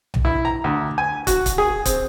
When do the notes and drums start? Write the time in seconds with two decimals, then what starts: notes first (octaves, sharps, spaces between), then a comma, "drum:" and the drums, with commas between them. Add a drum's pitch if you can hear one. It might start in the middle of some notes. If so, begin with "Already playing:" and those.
0.14 drum: tom B1
0.25 E4
0.45 A#5
0.64 D2
0.98 G#5
1.27 F#4, drum: kick, hi-hat
1.46 drum: kick, hi-hat
1.58 G#4
1.85 C4, drum: kick, hi-hat